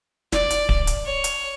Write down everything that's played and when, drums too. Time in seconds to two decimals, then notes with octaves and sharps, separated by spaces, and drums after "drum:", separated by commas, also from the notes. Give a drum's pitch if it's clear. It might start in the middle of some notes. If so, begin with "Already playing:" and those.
0.32 D5, drum: snare
0.50 drum: hi-hat
0.69 drum: kick D1
0.87 drum: hi-hat
1.06 C#5
1.24 drum: hi-hat